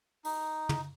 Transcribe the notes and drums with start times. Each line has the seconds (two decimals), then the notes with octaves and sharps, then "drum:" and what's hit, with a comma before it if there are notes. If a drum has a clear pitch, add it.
0.25 D#4, drum: open hi-hat
0.69 drum: tom